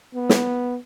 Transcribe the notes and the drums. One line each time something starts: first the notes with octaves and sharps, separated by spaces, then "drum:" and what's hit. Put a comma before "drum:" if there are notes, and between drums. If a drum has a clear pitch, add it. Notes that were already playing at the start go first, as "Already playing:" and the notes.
B3
drum: snare